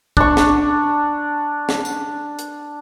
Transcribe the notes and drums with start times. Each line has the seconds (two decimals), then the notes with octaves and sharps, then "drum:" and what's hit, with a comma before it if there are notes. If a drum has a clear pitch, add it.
0.17 D4 C#6, drum: kick
0.37 drum: snare
1.69 drum: snare
1.85 drum: tambourine
2.39 drum: hi-hat